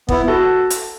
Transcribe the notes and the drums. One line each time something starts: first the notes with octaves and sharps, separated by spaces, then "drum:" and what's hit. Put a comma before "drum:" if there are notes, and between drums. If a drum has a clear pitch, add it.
B3 E4, drum: kick
F#4 A4
drum: hi-hat